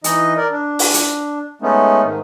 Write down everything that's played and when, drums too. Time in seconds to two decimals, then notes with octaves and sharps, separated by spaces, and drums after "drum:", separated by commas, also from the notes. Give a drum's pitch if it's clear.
0.04 E3 D#4 D#5, drum: hi-hat
0.37 A#4 D5
0.51 D4
0.79 drum: open hi-hat
0.94 drum: hi-hat
1.62 G#3 A3 B3 C#4 D#4
2.03 G#2 D#3